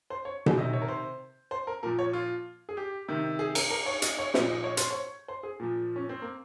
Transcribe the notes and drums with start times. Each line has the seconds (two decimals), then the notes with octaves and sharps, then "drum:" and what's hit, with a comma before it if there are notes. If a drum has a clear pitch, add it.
0.10 C5
0.25 C#5
0.46 drum: tom B2
0.58 C3 D#3 D#5
0.73 C#5
0.82 A#4
0.88 C5
1.51 C5
1.67 A#4
1.83 A#2 F3 A#4
1.99 C#5
2.13 F4
2.69 G#4
2.77 G4
3.08 C3 D#3
3.39 G#4
3.55 A#4, drum: cymbal
3.70 A#4
3.86 C#5
4.02 D#5, drum: hi-hat
4.19 C#5
4.34 A#2 F3 D#5, drum: snare
4.50 D#5
4.64 C#5
4.77 C5, drum: hi-hat
4.91 C#5
5.28 C5
5.43 G#4
5.60 A#2 F3
5.96 C#4
6.09 C4
6.22 A#3